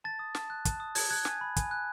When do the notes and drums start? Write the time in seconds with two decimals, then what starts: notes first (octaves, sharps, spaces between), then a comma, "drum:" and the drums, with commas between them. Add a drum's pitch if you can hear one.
0.04 A5 A6
0.19 D#6
0.35 A5, drum: snare
0.50 F#6
0.65 A5, drum: kick, hi-hat
0.80 D#6
0.95 A5 G#6, drum: open hi-hat
1.10 F#6 G#6
1.25 G#5, drum: snare
1.41 B5
1.56 G#5, drum: kick, hi-hat
1.71 F#6